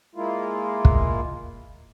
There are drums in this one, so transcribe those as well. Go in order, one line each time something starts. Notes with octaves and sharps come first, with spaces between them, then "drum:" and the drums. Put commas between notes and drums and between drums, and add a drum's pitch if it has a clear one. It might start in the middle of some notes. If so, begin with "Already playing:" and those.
G#3 A#3 E4 F4
drum: kick